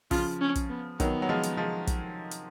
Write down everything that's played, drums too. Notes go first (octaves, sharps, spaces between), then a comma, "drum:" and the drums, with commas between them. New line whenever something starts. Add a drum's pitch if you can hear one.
C#3 F3 F4, drum: kick, open hi-hat
C#4
drum: kick, hi-hat
B3
D#3 F#3 B3, drum: kick, hi-hat
F#3
F3 G#3
drum: hi-hat
F3 G#3
drum: kick, hi-hat
drum: hi-hat